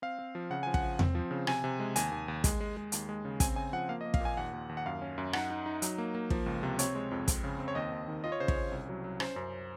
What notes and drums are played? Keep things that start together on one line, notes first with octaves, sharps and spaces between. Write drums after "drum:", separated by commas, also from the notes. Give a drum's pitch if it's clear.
C4 F5
C4
F3
C#3 F#5
F3 G#5
F#5, drum: kick
F3
C4, drum: tom E2
F3
C#3
C3 G#5, drum: rim click
C3
G#3
D#2 G#5, drum: hi-hat
D#2
D#2
G#3, drum: kick, hi-hat
G#3
G#3
D#2, drum: hi-hat
G#3
C#3
C4 G#5, drum: kick, hi-hat
C#3 G#5
F3 F#5
A#3 F5
D#5
A#3
F5, drum: kick
A#2 G#5
D#2 F#5
D#2
D#2
F#5
F#2 F5
C#4
F#2
D#4 F#5, drum: rim click
D#4
D#4
F#3, drum: hi-hat
A#3
A#3
F3, drum: kick
C#2
C3
C4 C#5, drum: hi-hat
G#3
F2
C4, drum: kick, hi-hat
C#3
C4
C#5
D#2 D#5
D#2
D#3
F4 D#5
C#5
C#3 C5
C#5, drum: kick
C#4
C2
F#3
F#3
C#4 C5, drum: rim click
F#2